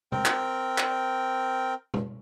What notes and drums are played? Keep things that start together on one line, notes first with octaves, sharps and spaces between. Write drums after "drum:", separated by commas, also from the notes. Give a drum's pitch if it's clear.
C4 A#4 G5, drum: tom C3
drum: clap
drum: clap
drum: tom